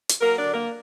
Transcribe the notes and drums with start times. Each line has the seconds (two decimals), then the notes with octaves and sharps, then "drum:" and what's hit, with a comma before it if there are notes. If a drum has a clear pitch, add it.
0.09 drum: hi-hat
0.21 F#3 A#3 A#4
0.36 D4 D5
0.44 D3
0.52 A#3 A#4